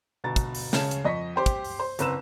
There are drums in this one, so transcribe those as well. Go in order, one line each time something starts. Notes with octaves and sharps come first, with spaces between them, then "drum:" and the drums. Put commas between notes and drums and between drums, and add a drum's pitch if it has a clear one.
G1 B2 A#5 A6
drum: kick, hi-hat
drum: open hi-hat
C#3 C#4 G#4 A5 E7, drum: snare
drum: hi-hat
F2 D#5 C#6 B6
G4 C5 G5
drum: kick, hi-hat
drum: open hi-hat
C5
F#1 C4 B4 A#5 E6 E7, drum: hi-hat